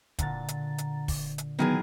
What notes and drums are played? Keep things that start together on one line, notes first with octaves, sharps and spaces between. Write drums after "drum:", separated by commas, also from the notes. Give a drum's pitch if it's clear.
A#2 D3 F#5 A#5 A6, drum: kick, hi-hat
drum: hi-hat
drum: hi-hat
drum: kick, open hi-hat
drum: hi-hat
D#3 E3 F#3 B3 G#4